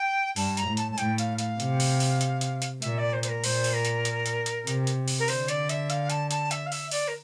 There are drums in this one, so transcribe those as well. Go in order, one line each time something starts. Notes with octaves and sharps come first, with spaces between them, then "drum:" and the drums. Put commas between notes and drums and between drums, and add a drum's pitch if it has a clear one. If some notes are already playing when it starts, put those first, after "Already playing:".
Already playing: G5
G2 A5, drum: open hi-hat
A#5, drum: hi-hat
A2
A5, drum: hi-hat
A5
A2 G5, drum: hi-hat
F5, drum: hi-hat
F5, drum: hi-hat
C3, drum: hi-hat
drum: open hi-hat
drum: open hi-hat
drum: hi-hat
drum: hi-hat
drum: hi-hat
A#2 E5, drum: hi-hat
D5
C5
C5, drum: hi-hat
A#4
A#2 C5, drum: open hi-hat
drum: open hi-hat
A#4
drum: hi-hat
drum: hi-hat
drum: hi-hat
drum: hi-hat
C3, drum: hi-hat
drum: hi-hat
drum: open hi-hat
A#4
D3 C5, drum: open hi-hat
D5, drum: hi-hat
E5, drum: hi-hat
F5, drum: hi-hat
A5, drum: hi-hat
A5, drum: hi-hat
E5, drum: hi-hat
F5
E5, drum: open hi-hat
D5, drum: open hi-hat
A#4